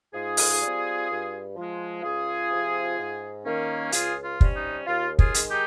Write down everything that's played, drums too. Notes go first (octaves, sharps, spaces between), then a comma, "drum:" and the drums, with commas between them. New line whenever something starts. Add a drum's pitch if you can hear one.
G#2 F4 G#4
drum: open hi-hat
G3 C4
G2
F3 G#3
C#2 F4 G#4
C3 F3 C4
G#2
D#3 A#3 C#4
C#2 F4 G#4, drum: hi-hat
F4
C3 G3 C#4, drum: kick
D#4
D#2 F4
F4 G#4, drum: kick
D#3 G#3, drum: hi-hat
D#4 G4